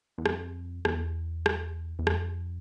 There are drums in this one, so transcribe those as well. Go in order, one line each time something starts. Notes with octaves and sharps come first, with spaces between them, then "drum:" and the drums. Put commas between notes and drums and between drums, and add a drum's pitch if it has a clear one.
E2
F2, drum: rim click
E2, drum: rim click
drum: rim click
E2
F2, drum: rim click